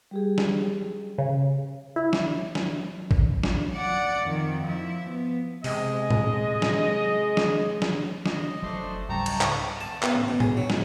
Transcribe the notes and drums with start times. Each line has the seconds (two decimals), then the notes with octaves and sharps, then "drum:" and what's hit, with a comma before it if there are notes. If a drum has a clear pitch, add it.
0.11 G3 G4 G#4
0.38 drum: snare
1.18 C#3
1.96 E4
2.13 drum: snare
2.55 drum: snare
3.11 drum: kick
3.44 drum: snare
3.75 D5 F#5
4.27 F2 D#3
4.64 F3 E4
5.10 B3
5.64 C3 G#3 D#5, drum: open hi-hat
6.11 drum: tom A2
6.62 drum: snare
7.37 drum: snare
7.82 drum: snare
8.26 D#5, drum: snare
8.62 F#1 F#3 A3 D4 C5
9.09 C#2 G#2 G3 G5 A5 A#5 C#6
9.26 drum: cymbal
9.41 drum: clap
9.81 A5
10.02 B3, drum: clap
10.14 A1
10.28 B2
10.40 G#4, drum: tom A2
10.57 F#3
10.70 G#2, drum: snare